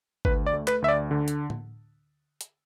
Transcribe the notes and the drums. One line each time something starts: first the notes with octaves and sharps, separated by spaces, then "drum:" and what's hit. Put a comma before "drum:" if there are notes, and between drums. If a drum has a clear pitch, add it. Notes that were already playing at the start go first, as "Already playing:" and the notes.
D2 B4, drum: kick G#1
D5
A3
B4, drum: clap
D2 E5
D5
D3
drum: hi-hat
drum: tom A2
drum: hi-hat